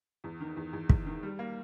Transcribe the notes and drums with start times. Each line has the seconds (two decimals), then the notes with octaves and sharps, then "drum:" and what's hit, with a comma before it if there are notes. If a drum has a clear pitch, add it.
0.24 E2
0.40 D#3
0.57 E2
0.73 E2
0.89 E2, drum: kick
1.06 D#3
1.23 G3
1.39 A#3